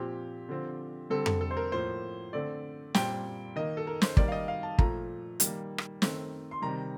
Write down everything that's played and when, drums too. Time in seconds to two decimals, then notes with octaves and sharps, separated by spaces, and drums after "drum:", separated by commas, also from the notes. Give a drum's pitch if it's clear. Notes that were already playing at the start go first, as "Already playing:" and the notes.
Already playing: A#2 F3 C4 G4
0.49 D3 F3 C4
1.10 D3 G3 C4 A4
1.26 A4, drum: tom F2
1.41 A4
1.51 C5
1.57 A#4
1.72 A2 F3 A#3 C5
2.33 D3 A3 C4 D5
2.94 A#2 G3 C4 G5, drum: snare
3.56 D#3 A#3 D#5
3.77 A4
3.87 A#4
4.02 C5, drum: snare
4.17 D#3 G3 A#3 D5, drum: kick
4.28 F5
4.32 D#5
4.48 F5
4.63 A5
4.79 A#2 F3 A3 A#5, drum: kick
5.40 D#3 G3 A#3, drum: hi-hat
5.78 drum: rim click
6.02 D#3 A3 C4, drum: snare
6.51 C6
6.62 C3 D#3 G3 A#5